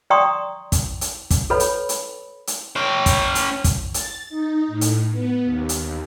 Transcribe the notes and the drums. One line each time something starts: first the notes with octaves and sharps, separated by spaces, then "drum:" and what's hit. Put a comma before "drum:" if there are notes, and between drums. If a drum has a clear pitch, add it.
D5 G5 A#5 C6 C#6 D#6
drum: kick, hi-hat
drum: hi-hat
drum: kick, hi-hat
A4 B4 C#5 B5
drum: hi-hat
drum: hi-hat
drum: hi-hat
C#4 G5
drum: kick, hi-hat
drum: hi-hat
drum: kick, hi-hat
A6, drum: hi-hat
D#4
A2
drum: hi-hat
B3
D#2
drum: hi-hat